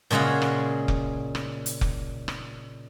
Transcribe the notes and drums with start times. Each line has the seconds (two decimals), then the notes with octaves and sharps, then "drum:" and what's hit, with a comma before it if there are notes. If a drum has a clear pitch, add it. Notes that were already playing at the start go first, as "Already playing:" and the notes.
0.11 A#2 C#3 G#3 F5 F#5
0.42 drum: rim click
0.88 drum: kick F1
1.35 drum: rim click
1.66 drum: hi-hat
1.81 drum: kick F1
2.28 drum: rim click